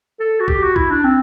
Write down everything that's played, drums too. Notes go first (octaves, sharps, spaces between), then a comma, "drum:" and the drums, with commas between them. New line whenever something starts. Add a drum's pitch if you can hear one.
A4
F#4
G4, drum: kick B1
F#4
E4, drum: kick B1
D4
C4